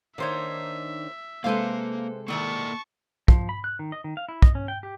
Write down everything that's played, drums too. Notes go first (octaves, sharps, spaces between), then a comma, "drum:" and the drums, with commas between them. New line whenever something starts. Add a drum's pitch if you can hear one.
D#3 A#3 D4 D#4 C5 C#5 E5
C3 G#3 A#3 A4 B4 C5 F5
A2 D#3 A3 A#3 D5 A5 C#6
F3, drum: kick
B5
F#6
D#3
D#5
D#3
F5
E4
D#5, drum: kick
C#4
G5
G4